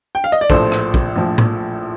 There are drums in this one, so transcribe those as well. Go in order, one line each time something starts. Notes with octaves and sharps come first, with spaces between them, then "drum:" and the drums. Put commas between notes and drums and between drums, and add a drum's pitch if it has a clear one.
G5
F5
D#5
D5
A#1 A2 F3 A4 C5, drum: kick
drum: rim click
drum: kick
A#1 A2 F3
drum: tom A2